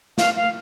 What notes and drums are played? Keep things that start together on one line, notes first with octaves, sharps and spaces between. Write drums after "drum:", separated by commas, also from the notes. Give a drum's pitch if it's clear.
F5, drum: snare
F5